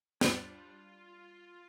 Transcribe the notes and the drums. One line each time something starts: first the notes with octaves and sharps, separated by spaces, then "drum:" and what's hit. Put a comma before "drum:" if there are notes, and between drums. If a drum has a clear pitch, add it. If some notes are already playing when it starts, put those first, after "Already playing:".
G3 D4 F4, drum: snare